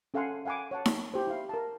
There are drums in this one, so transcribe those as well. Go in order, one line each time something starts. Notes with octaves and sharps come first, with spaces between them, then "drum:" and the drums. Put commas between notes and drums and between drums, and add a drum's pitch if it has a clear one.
C#4 A4 F5 F#5 G#5 C6
F5 F#5 G#5 B5 D6
C#5 F#5 A5
drum: snare D#4
E4 G4 C5
E4 F5
A#4 A5